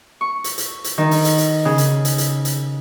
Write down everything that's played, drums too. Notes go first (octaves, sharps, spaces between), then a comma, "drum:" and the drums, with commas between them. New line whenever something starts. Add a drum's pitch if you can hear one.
C#6
drum: hi-hat
drum: hi-hat
drum: hi-hat
D#3
drum: open hi-hat
drum: hi-hat
drum: hi-hat
C#3
drum: hi-hat
drum: hi-hat
drum: hi-hat
drum: hi-hat